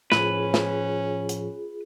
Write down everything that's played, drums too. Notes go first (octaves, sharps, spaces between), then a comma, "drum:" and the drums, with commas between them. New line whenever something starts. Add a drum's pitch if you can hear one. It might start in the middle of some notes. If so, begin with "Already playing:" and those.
A2 F3 C#4 F4 G#4 B4, drum: snare
drum: snare
drum: hi-hat